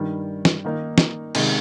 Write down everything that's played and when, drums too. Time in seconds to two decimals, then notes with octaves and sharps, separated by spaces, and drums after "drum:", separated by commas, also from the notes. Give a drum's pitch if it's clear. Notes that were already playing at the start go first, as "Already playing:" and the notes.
Already playing: G2 D#3 G3
0.45 drum: snare
0.65 D#3 A#3 D#4 A#4
0.98 drum: snare
1.35 C3 D#3 G#3, drum: cymbal